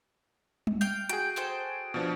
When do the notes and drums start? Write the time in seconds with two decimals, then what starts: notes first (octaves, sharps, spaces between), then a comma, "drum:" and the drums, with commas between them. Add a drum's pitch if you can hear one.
0.67 drum: tom G3
0.81 F5 G5 G6
1.09 F#4 G#4 G5 D7, drum: hi-hat
1.36 A4 C5 G5
1.94 B2 F3 D4